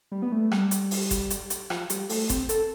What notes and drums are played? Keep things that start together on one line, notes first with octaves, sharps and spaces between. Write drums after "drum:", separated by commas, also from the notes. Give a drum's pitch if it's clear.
G3
B3
A3
G3, drum: rim click
drum: hi-hat
drum: open hi-hat
drum: kick F#1, hi-hat
drum: hi-hat
drum: hi-hat
F3, drum: rim click
G3, drum: hi-hat
A3, drum: open hi-hat
C4, drum: kick F#1, hi-hat
A4, drum: hi-hat